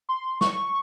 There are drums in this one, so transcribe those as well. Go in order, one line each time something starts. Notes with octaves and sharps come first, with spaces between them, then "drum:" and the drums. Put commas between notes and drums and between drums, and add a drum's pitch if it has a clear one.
C6
C#6, drum: snare